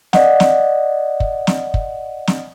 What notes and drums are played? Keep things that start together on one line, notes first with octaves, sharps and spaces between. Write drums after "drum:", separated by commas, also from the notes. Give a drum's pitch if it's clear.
D5 D#5 F#5, drum: snare
drum: snare
drum: kick
drum: snare
drum: kick
drum: snare